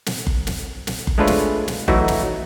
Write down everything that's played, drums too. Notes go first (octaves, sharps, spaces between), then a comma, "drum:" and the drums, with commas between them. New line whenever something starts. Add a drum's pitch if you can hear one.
drum: snare
drum: kick F#1
drum: snare
drum: snare
drum: kick F#1
G#3 A3 D4 F4 B4 C#5
drum: snare
drum: snare
E3 F#3 A3 D#4 E4 F#4, drum: kick F#1
drum: snare